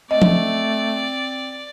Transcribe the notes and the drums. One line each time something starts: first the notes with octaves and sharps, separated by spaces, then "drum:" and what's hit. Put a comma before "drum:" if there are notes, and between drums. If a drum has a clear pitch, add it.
A3 C4 D5 D#5
drum: tom F3